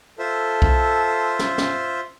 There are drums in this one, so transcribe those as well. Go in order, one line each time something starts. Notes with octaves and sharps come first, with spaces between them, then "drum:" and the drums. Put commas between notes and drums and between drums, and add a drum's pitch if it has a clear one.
F4 A4 C5 E5
drum: kick B1
drum: snare
drum: snare